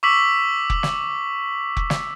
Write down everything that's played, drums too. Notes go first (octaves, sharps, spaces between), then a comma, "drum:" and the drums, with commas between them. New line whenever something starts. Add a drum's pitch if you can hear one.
C#6 D6 E6 B6 F#7
drum: kick F1
drum: snare
drum: kick F1
drum: snare